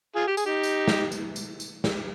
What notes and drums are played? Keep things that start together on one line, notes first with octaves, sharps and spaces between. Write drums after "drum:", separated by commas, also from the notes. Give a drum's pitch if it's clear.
F4 G#4
G4
G#4, drum: tambourine
D#4 G4
drum: tambourine
drum: snare
drum: tambourine
drum: tambourine
drum: tambourine
drum: snare